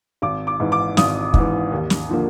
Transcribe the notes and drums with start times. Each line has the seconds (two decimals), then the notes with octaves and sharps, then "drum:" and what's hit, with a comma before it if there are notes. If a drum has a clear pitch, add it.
0.22 G#1 D6
0.47 D6
0.60 G#2 E3
0.72 D6
0.97 G#1 D#6, drum: snare
1.34 G#2 E3, drum: kick
1.72 D#2
1.90 drum: snare
2.09 D3 F3 A#3